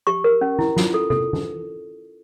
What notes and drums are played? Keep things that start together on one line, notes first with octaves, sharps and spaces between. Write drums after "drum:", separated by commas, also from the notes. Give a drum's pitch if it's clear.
G4 C#6
A#4
C#4
E4, drum: tom
F4, drum: snare
A4
A4, drum: tom C3
drum: tom